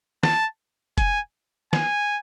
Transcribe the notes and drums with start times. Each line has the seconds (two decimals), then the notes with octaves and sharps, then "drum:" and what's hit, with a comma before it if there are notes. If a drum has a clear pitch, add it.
0.23 A5, drum: snare
0.98 G#5, drum: kick F1, hi-hat
1.73 G#5, drum: snare